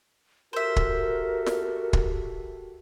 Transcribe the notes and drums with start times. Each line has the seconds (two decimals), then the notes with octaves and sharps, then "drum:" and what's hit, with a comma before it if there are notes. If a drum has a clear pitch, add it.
0.53 F#4 G4 A4 A#4 C5 E5
0.76 drum: kick
1.46 drum: snare
1.93 drum: kick